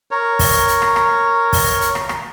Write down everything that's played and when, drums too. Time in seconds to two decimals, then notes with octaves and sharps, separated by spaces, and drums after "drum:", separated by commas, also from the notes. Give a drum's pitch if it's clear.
0.11 A#4 C#5
0.39 drum: kick, open hi-hat
0.68 drum: hi-hat
0.82 drum: rim click
0.96 drum: rim click
1.53 drum: kick, open hi-hat
1.81 drum: hi-hat
1.95 drum: rim click
2.09 drum: rim click